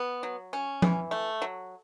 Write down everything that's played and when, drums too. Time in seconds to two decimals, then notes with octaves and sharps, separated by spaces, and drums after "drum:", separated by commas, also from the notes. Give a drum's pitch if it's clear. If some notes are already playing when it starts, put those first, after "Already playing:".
Already playing: B3
0.23 F#3
0.53 C#4
0.82 E3, drum: tom F3
1.11 A3
1.42 F#3